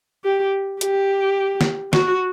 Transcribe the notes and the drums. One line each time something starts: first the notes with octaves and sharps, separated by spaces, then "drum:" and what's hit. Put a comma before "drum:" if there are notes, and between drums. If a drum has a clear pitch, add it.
G4
G4, drum: hi-hat
drum: snare
F#4, drum: snare